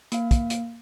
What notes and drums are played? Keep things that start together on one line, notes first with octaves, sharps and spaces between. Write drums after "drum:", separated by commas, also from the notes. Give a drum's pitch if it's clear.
A#3 F5, drum: hi-hat
drum: kick, hi-hat
drum: hi-hat